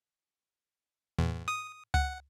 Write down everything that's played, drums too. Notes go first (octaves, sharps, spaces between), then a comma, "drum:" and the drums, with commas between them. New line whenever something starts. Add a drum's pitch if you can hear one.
E2, drum: tom A2
D#6
F#5, drum: kick C#2